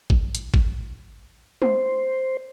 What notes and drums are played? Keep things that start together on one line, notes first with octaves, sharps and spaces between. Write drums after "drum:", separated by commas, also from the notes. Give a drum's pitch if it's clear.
drum: kick
drum: hi-hat
drum: kick
C5, drum: tom